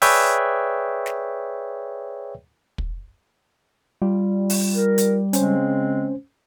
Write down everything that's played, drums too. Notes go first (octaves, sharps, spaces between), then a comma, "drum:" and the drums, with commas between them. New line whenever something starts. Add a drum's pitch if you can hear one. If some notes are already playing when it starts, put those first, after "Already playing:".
G#4 B4 C#5 D5 E5 G5, drum: open hi-hat
drum: snare
drum: kick
G3 F4
drum: open hi-hat
A#4
drum: hi-hat
C#3 G#3 C4 C#4 C5, drum: hi-hat